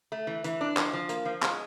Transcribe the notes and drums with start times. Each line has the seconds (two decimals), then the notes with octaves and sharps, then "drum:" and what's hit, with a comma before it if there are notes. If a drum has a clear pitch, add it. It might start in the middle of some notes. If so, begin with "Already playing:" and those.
0.12 A3
0.27 E3
0.44 E3, drum: hi-hat
0.61 D4
0.77 F3, drum: clap
0.93 F3
1.09 A#3, drum: hi-hat
1.25 F3
1.42 G#3, drum: clap